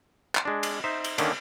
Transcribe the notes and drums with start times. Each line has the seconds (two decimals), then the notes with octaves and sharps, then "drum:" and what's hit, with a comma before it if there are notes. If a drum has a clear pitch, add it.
0.35 drum: clap
0.45 G#3 D4
0.63 drum: cymbal
0.84 D#4 C5 E5
1.04 drum: cymbal
1.18 D3 D#3 A#3 C#4, drum: cymbal